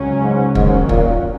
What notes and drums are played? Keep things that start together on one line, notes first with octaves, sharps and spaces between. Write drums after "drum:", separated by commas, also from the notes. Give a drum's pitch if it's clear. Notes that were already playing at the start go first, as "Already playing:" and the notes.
Already playing: C#2 C#3 F#3 C#4
G#2
D#2 G#2 D#3 F#3 C#4, drum: kick
A#2, drum: kick